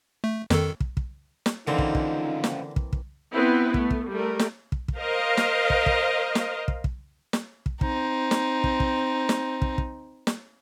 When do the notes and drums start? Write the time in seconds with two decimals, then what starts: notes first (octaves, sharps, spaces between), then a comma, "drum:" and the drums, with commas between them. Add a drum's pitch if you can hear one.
0.24 A3
0.50 F2 D#3 A4, drum: snare
0.80 drum: kick
0.97 drum: kick
1.46 drum: snare
1.67 C#2 D3 E3 F3 A#3 C4 D#4
1.78 drum: kick
1.95 drum: kick
2.44 drum: snare
2.76 drum: kick
2.93 drum: kick
3.33 B3 C4 E4 B4
3.74 A3 B3, drum: kick
3.90 drum: kick
4.10 G3 A3 A#4
4.39 drum: snare
4.72 drum: kick
4.88 drum: kick
4.97 A#4 C5 D#5 F5
5.37 drum: snare
5.70 drum: kick
5.86 drum: kick
6.35 drum: snare
6.68 drum: kick
6.84 drum: kick
7.33 drum: snare
7.66 drum: kick
7.81 C4 D#4, drum: kick
8.31 drum: snare
8.64 drum: kick
8.80 drum: kick
9.29 drum: snare
9.62 drum: kick
9.78 drum: kick
10.27 drum: snare